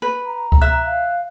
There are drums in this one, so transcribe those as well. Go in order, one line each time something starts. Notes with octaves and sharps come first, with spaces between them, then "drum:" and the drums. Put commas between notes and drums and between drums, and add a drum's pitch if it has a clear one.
B4
A#5
drum: kick C#2
E5 F#6
F5